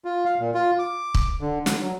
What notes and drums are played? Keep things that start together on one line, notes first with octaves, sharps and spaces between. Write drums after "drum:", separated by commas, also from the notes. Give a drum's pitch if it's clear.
F4
F5
A#2
F4
D6
drum: kick
D3
D3, drum: snare
F#3